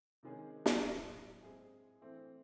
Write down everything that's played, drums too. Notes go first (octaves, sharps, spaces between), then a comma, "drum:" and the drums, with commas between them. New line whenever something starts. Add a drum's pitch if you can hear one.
C3 D#3 G#3 C#4 G#4
drum: snare
A2 F#3 C#4 G#4
G#3 C4 E4 G#4
E3 A3 C4